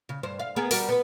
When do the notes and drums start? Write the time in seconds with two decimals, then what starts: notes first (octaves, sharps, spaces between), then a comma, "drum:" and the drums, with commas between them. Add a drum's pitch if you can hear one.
0.09 C#3
0.23 G2 C5
0.39 F5
0.56 B3 G#4 A#4
0.71 G3 F#4 A#4, drum: open hi-hat
0.89 B3 B4